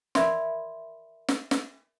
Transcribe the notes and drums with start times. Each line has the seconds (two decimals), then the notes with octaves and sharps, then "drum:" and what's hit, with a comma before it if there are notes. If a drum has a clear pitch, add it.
0.15 A#4 D5 E5 B5 C6, drum: snare
1.28 drum: snare
1.51 drum: snare